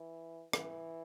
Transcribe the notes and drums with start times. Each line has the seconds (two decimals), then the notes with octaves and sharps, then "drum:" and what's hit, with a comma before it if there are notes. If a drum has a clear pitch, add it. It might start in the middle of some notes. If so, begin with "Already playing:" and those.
Already playing: E3
0.53 E3, drum: rim click